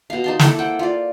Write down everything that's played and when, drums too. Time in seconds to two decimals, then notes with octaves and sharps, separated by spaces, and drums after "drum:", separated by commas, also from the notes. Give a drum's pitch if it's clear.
0.10 B2 F5
0.24 D#4 A5 C6
0.39 A#3 E4 A4, drum: snare
0.59 C5 F#5 G5
0.79 F4 D5